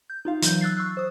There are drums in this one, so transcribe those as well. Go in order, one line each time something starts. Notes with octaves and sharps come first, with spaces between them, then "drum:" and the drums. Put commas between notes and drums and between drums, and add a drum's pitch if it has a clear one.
G6
D#4 F4 F5
E3 F#3 G6, drum: hi-hat
E6 F#6 A6 C7
C#6 E6 F#6
C5 D#6